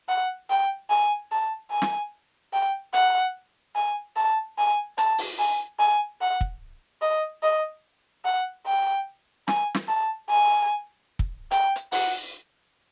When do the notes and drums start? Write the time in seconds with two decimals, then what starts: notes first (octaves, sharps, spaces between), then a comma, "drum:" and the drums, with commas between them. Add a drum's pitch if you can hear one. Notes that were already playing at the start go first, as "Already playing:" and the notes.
0.09 F#5
0.50 G5
0.90 G#5
1.32 A5
1.71 G#5
1.82 drum: snare
2.53 G5
2.94 F#5, drum: hi-hat
3.75 G#5
4.16 A5
4.58 G#5
4.98 A5, drum: hi-hat
5.18 drum: open hi-hat
5.39 G#5
5.79 G#5
6.21 F#5
6.41 drum: kick
7.02 D#5
7.43 D#5
8.25 F#5
8.66 G5
9.48 G#5, drum: snare
9.75 drum: snare
9.88 A5
10.30 G#5
11.19 drum: kick
11.51 G5, drum: hi-hat
11.76 drum: hi-hat
11.92 F#5, drum: open hi-hat